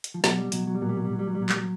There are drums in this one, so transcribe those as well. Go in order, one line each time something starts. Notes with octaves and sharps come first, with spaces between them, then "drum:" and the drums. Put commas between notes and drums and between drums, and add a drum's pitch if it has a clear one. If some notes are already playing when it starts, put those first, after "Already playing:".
drum: hi-hat
F3
B2 F#3, drum: snare
G3
B2 F#3, drum: hi-hat
F#3
G3
A#2 F#3
G3
F#3
G3
A#2 F#3
G3
F#3
G3
A#2 F#3
G3, drum: clap
F#3